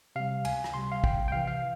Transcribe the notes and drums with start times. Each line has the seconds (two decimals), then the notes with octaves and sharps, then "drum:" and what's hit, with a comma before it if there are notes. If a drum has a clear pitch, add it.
0.16 C3 G3 F5
0.45 C#2 G#5, drum: cymbal
0.64 drum: rim click
0.74 C3 G3 C6
0.92 F5
1.04 C2 G5, drum: kick
1.28 G5
1.32 C3 E3 F5
1.47 F5